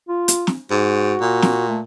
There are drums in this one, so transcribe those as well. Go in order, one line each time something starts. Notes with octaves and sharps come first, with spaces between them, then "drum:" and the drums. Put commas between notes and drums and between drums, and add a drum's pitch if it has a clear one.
F4
drum: hi-hat
drum: snare
G#2 F#4
A#2
drum: snare
A3